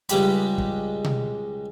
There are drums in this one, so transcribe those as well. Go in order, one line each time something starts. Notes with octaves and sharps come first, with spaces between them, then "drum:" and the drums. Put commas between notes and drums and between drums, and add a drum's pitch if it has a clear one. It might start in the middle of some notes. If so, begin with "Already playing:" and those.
C#2 G3 G#3 G4 B5, drum: hi-hat
drum: kick
drum: tom B2